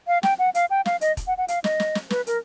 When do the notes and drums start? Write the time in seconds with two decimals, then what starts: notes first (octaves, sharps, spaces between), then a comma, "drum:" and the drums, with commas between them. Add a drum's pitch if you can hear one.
0.08 F5
0.23 G5, drum: snare
0.39 F#5
0.55 F5, drum: hi-hat
0.70 G5
0.86 F5, drum: snare
1.01 D#5, drum: hi-hat
1.17 drum: kick, hi-hat
1.27 F#5
1.38 F#5
1.48 F5, drum: hi-hat
1.64 D#5, drum: snare
1.80 drum: snare
1.95 drum: snare
2.10 B4, drum: snare
2.27 A#4, drum: hi-hat